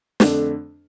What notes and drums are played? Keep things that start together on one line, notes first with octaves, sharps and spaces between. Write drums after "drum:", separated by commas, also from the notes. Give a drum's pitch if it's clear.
F2 D3 A3 D4, drum: snare